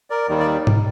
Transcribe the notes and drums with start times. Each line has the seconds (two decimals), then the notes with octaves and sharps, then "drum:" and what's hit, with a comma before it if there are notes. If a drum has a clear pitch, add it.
0.10 A#4 D5
0.28 D#2 D#3 G3
0.40 D5
0.67 drum: tom G#2